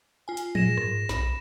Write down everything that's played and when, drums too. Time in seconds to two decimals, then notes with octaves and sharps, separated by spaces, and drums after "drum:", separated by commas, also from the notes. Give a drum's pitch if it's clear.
0.28 F4 G#5
0.37 drum: hi-hat
0.55 A#2 G#4 A#6 E7, drum: tom F3
0.77 G#2, drum: rim click
1.09 B1 B5, drum: snare